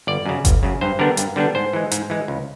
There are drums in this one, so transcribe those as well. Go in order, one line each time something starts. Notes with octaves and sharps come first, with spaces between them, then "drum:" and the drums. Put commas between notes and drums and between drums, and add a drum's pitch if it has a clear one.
G1 D5
F#2 C#3
G1, drum: kick G1, hi-hat
F#2 C#3
G2 C5
D3 G3 B3 D4 A#4
G2, drum: hi-hat
D3 G3 B3 D4
G#2 C5
E3 G#3
G#2, drum: hi-hat
E3 G#3
C#2